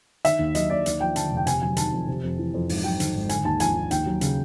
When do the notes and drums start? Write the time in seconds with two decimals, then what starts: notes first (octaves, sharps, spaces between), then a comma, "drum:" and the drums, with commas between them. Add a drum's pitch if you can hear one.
0.25 D#3 E5, drum: hi-hat
0.39 D#2
0.55 F#3 D#5, drum: hi-hat
0.70 D#2 D5
0.86 D#2 D5, drum: hi-hat
1.01 F3 G5
1.16 D3 A5, drum: hi-hat
1.31 F1
1.37 G5
1.47 C3 G#5, drum: hi-hat
1.62 F#3 G#5
1.77 D#3 A5, drum: hi-hat
1.92 F2
2.08 C3
2.23 F2
2.39 E3
2.54 F2
2.69 G#2, drum: open hi-hat
2.84 F#3 G5
3.00 D#3, drum: hi-hat
3.15 G#1
3.29 D3 G#5, drum: hi-hat
3.45 D#2 A5
3.60 F3 G#5, drum: hi-hat
3.75 D#2
3.91 D#2 G5, drum: hi-hat
4.06 F#3
4.21 C#3, drum: hi-hat